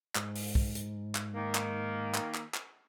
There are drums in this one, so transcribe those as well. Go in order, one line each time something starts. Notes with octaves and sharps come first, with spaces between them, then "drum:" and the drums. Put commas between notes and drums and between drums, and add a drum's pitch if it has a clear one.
G#2, drum: clap
drum: open hi-hat
drum: kick
drum: hi-hat
drum: clap
D#3 A#3
drum: clap
drum: clap
drum: clap
drum: clap